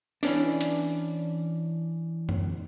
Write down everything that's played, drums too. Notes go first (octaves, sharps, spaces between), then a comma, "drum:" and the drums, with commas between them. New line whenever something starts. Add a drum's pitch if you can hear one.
E3 C#4 D4, drum: open hi-hat
drum: hi-hat
drum: tom F#2